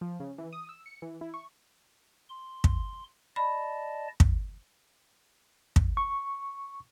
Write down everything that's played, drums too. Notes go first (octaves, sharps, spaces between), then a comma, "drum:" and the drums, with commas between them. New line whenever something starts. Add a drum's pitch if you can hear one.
F3
C#3
E3
D#6
E6
C#7
E3
E4
C#6
C6
drum: kick
D5 D#5 A5 B5
drum: kick
drum: kick
C#6